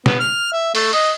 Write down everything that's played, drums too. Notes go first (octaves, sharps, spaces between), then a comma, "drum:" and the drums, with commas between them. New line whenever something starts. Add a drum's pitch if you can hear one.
B3, drum: snare
F6
E5
A3, drum: open hi-hat
D#5, drum: open hi-hat